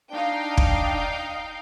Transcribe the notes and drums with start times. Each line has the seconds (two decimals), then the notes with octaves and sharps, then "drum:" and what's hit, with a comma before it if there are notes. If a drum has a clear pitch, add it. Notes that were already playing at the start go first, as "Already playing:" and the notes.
0.12 D4 D#4 F5 G5
0.57 drum: kick